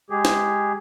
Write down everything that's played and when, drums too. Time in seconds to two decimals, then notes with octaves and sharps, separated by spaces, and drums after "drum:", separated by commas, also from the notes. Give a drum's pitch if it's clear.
0.10 G#3 G4 G#4
0.25 drum: snare